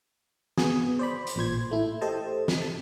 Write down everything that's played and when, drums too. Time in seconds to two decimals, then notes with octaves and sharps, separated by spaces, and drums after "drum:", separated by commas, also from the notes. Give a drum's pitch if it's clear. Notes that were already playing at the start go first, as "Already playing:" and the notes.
0.58 B3 F#4 G#4, drum: snare
0.99 C5 D5 B5
1.27 drum: hi-hat
1.36 A1 A#2 C5 G#6
1.71 A3 E4
2.01 G4 A4 C5 D#5 A5
2.48 drum: snare
2.62 A5